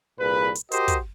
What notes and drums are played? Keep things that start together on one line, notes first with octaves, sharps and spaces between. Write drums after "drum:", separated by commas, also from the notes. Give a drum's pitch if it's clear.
C2 A#2 G#4 B4
drum: hi-hat
F#4 G4 A#4 C5 D#5, drum: hi-hat
drum: kick, hi-hat